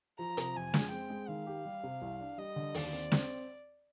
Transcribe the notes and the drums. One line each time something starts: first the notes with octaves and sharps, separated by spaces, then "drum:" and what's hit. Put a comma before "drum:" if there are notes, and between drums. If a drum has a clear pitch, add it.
F3 A#5
C3, drum: hi-hat
F2 G#5
G#3, drum: snare
C4 G5
G#3
D#3 F5
G4
G3
C3
C2
D4
G3 D#5
D3
D#2 D5, drum: open hi-hat
C4
C4, drum: snare